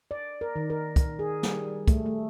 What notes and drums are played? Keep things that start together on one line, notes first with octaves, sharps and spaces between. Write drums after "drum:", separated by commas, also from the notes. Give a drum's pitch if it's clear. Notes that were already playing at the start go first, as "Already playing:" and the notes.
D5
A#4
D#3
A#4
drum: kick, hi-hat
G#4
G3, drum: snare
A3, drum: kick, hi-hat
A3